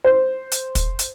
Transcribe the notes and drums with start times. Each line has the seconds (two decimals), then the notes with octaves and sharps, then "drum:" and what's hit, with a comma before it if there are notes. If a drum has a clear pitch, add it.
0.04 C5
0.52 drum: hi-hat
0.75 drum: kick, hi-hat
0.99 drum: hi-hat